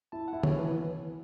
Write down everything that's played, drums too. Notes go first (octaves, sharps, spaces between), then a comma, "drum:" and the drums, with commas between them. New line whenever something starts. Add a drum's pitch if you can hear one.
E4 A5
F#5
E4
C#5, drum: tom
E3
B4